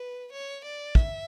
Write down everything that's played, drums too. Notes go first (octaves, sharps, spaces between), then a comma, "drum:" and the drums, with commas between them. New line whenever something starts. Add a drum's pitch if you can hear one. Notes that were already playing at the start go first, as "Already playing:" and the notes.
Already playing: B4
C#5
D5
E5, drum: kick